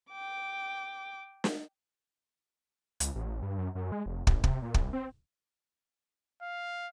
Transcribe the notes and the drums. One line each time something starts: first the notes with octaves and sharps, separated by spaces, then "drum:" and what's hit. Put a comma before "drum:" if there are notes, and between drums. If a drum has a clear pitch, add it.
G5 D6
drum: snare
C#2, drum: hi-hat
A1
G2
F#2
F#2
G#3
F1
A1, drum: kick
C3, drum: kick
A#2
C2, drum: kick
C4
F5